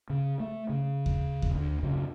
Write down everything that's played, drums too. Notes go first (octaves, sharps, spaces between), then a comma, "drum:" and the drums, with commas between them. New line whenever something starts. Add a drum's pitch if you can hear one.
C#3
A3
C#3
drum: kick D#2
drum: kick D#2
D2
B1 F#2 C#3